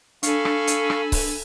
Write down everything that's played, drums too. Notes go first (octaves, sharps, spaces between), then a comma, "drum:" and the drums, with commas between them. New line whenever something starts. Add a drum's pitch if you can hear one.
D4 A4 F5 G#5 B5 C#6, drum: hi-hat
drum: rim click
drum: hi-hat
drum: rim click
drum: kick C#1, open hi-hat